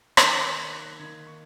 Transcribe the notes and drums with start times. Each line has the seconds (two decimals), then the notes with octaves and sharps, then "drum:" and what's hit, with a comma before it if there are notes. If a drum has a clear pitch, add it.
0.17 D#3 A#3 D#4 F#6, drum: rim click
0.38 G#6
0.54 G#6
0.59 F#6
0.79 F#6
0.99 D#3 A#3 D#4 G#6
1.27 C#6